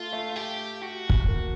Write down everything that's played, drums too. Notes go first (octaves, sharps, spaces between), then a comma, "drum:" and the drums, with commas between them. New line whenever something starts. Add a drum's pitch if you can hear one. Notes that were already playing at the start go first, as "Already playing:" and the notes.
Already playing: A3 F4
A3
G4
F#4
drum: kick
A#3